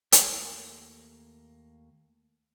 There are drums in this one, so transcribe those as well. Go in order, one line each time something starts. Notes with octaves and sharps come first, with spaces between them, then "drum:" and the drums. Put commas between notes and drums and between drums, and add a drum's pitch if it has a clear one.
D#2 A3 A#3, drum: hi-hat